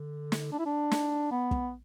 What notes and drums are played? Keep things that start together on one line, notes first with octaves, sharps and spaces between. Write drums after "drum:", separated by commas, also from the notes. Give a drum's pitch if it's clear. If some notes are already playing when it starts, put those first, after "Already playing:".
Already playing: D3
drum: snare
D4
E4
D4
drum: snare
B3
drum: kick